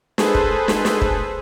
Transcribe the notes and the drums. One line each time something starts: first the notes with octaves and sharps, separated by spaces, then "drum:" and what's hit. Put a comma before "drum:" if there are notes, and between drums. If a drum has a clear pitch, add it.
G#4 A4 B4 C5, drum: snare
drum: kick
drum: snare
drum: snare
drum: kick